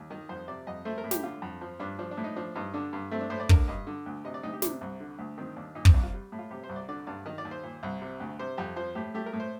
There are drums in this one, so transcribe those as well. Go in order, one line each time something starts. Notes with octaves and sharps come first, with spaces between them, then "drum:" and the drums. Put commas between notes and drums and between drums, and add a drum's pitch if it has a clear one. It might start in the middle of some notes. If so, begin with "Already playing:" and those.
Already playing: D#2
D#3 D#5
F2 C5
C3 D5
F2 D#5
A3 C5
A#4
A2
G4, drum: snare
D3 F4
F2
F3
G2 D4
F3 D4
D4
A2
D#4
F3 D4
G2 D#4
D3 D4
G2
A3 C4
D4
A2 C5
D5
D3 A#4, drum: kick
G2 D#5
D3
D2
C3 D#5
D5
D2 D#4
G4
C3 D4, drum: snare
C2
D3
D2
D#3 C4
D#2 D4
A#2 D#4
C4, drum: kick
C2 D4
F4
G3
A2
F4
C3 G4
C5
C2
D5
D3 D5
G2 D5
D#3 D#5
D5
D#2
C5
A#2
C2
C3
D2
C3 C5
F2 G4
F3 C5
A2 G4
A3 G4
A#4
A2
C5